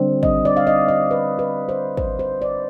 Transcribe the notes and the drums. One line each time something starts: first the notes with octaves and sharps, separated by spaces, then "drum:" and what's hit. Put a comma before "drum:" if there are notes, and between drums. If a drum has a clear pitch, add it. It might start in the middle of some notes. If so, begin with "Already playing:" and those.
Already playing: D3 G3 C4
D#5, drum: kick
D5
F5
D#5
D#5
B4
B4
C5
C5, drum: kick
C5
D5